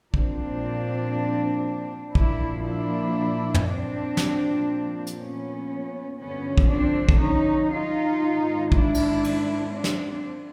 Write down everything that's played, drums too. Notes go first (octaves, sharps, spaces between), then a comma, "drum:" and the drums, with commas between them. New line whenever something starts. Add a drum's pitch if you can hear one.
A#2 F3 C4 D4, drum: kick
A#2 F3 D4 E4, drum: kick
D4 E4
drum: tom
C4 D4
A#2 F3, drum: snare
drum: hi-hat
B3 C#4
G2 D3 F3 B3 C#4
drum: kick
C4 D4
drum: kick
C#4 D#4
D#4 F4
G#2 D#3
D4 E4, drum: kick
drum: cymbal
drum: cymbal
C4 D4
drum: snare